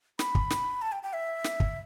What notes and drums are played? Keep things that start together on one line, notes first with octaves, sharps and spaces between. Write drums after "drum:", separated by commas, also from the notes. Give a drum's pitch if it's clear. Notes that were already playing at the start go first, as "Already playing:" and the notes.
B5, drum: snare
drum: kick
drum: snare
A5
G5
G5
E5
drum: snare
drum: kick